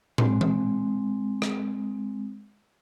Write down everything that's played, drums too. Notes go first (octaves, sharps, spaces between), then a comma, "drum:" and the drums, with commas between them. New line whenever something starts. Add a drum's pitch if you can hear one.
G#3 C4, drum: tom
drum: tom E3
drum: rim click